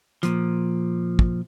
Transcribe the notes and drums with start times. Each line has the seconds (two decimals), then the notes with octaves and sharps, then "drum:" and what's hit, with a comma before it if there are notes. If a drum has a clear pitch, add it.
0.23 A#2 F3, drum: hi-hat
1.19 drum: kick